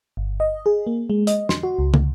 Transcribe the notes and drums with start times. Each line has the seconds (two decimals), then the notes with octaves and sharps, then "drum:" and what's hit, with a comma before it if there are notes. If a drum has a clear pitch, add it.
0.17 G1
0.40 D#5
0.66 G#4
0.87 A#3
1.10 G#3
1.27 D#5, drum: hi-hat
1.49 C6, drum: snare
1.63 F#4
1.79 C#2
1.94 drum: tom